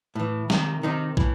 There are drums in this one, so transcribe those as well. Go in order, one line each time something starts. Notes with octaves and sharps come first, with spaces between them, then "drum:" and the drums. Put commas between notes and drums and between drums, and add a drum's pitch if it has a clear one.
A2 E3
C3 D#3, drum: snare
C3 D#3 D#4
A2 E3, drum: kick